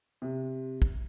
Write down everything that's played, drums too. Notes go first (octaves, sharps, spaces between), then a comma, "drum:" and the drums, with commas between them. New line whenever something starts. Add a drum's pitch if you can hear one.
C3
drum: kick